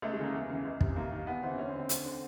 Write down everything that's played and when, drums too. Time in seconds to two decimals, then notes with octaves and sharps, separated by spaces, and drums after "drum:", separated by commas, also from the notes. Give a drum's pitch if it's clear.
0.02 C#2 A3
0.13 G#3
0.19 C#3 E3 A#3
0.34 E2
0.49 C#3 E3
0.65 C#2
0.81 C3 E3, drum: kick
0.96 D#2 A#3
1.12 D#3
1.27 E2 B3
1.43 C#3 E3 C4
1.58 D2 C#4
1.69 C4
1.74 D3
1.79 C4
1.89 D2, drum: hi-hat
2.05 D3